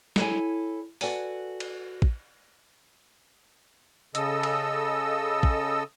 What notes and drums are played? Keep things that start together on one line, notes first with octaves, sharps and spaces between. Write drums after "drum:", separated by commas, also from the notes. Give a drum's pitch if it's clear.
E4 A4 C#5 G#5, drum: snare
F#4 A4 B4 D5 F#5 G#5, drum: open hi-hat
drum: cymbal
drum: kick
C#3 A4 D#5 E6, drum: hi-hat
drum: cymbal
drum: kick